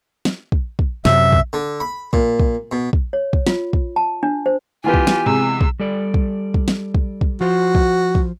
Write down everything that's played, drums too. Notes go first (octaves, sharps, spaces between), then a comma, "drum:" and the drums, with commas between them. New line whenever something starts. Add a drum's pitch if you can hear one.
drum: snare
drum: kick
drum: kick
F#2 C3 F#3 E5, drum: snare
drum: kick
D3
B5
A#2, drum: kick
drum: kick
B2
drum: kick
C#5
drum: kick
F4, drum: snare
drum: kick
A5
D4
C5
E3 B3 F4 G4 B4 G#5
drum: kick
drum: snare
C3 G#3 E6
drum: kick
G3 A4 D5
drum: kick
drum: kick
drum: snare
drum: kick
drum: kick
F3 F4 F#4 C5
drum: kick
drum: kick